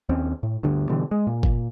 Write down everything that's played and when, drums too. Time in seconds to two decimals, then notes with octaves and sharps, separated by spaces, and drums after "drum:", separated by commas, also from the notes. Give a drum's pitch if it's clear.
0.09 D#2 C4 C#4
0.43 A2
0.63 D2 G2 D3
0.89 B2 D3 E3 G3
1.11 G#3
1.27 A#2
1.43 drum: kick G1